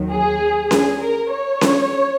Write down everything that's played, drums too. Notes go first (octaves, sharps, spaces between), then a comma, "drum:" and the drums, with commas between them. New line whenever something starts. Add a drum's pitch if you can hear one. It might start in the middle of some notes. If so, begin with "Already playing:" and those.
Already playing: D#2 D#3 F#3
G#4
G#4, drum: snare C#4
A#4
C#5
drum: snare C#4